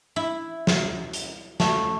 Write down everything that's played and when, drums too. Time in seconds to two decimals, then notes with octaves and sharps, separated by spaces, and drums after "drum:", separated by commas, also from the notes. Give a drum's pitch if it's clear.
0.16 E4
0.67 drum: snare
1.13 drum: hi-hat
1.60 A3, drum: snare